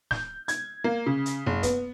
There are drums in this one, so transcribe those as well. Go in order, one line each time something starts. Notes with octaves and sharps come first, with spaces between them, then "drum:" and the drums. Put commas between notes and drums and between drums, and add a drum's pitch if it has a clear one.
G6, drum: snare
G#6, drum: hi-hat
A#3
C#3
drum: hi-hat
F#1
B3, drum: kick, hi-hat